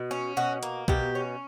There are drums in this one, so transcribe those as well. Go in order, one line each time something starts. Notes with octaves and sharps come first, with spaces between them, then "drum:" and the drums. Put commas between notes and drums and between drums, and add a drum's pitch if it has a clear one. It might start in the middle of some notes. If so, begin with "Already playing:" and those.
Already playing: B2
C#4
B2 F#4
A#3, drum: hi-hat
B2 G4, drum: kick
C#4